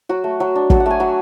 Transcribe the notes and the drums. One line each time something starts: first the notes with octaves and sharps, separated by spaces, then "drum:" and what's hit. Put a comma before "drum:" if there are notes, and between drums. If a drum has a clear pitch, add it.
F#3 F#4
A3
F#3
D4
F#3 A4, drum: kick
F#5
A3 G#5
F#3 B5